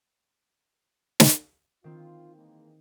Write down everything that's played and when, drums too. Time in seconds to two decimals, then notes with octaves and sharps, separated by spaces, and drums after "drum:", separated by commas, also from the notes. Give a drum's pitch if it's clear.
1.20 drum: snare
1.84 D#3 C4 F4
2.35 E3 G#3 A#3